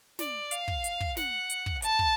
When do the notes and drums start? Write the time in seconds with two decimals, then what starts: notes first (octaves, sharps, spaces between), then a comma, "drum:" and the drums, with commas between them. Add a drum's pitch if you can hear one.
0.19 D5, drum: snare
0.51 F5, drum: hi-hat
0.68 drum: kick
0.84 drum: hi-hat
1.00 drum: kick
1.17 F#5, drum: snare
1.50 drum: hi-hat
1.66 drum: kick
1.82 A5, drum: hi-hat
1.99 drum: kick